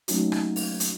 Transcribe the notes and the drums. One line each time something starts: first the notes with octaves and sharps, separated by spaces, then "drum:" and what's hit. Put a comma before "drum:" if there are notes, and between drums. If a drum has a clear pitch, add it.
F#3 A3 A#3 C#4 D#4 F#4, drum: hi-hat
drum: rim click
drum: open hi-hat
drum: hi-hat